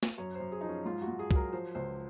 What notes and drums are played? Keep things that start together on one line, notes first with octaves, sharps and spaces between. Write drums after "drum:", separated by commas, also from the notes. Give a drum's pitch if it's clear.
drum: snare
F#2 C#5
C5
F#2
G#4
F3 D#4
C#4
G#2 F4
F#4
G#2
G#4
F#3 A#4, drum: kick C2
F3 C5
C#2 C5